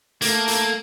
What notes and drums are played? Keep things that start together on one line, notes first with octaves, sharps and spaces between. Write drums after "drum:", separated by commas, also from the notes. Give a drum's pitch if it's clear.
A3 A#3, drum: hi-hat
drum: hi-hat